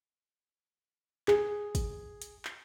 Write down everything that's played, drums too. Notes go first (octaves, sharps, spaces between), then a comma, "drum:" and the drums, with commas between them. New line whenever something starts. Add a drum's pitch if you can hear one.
G#4, drum: clap
drum: kick, hi-hat
drum: hi-hat
drum: clap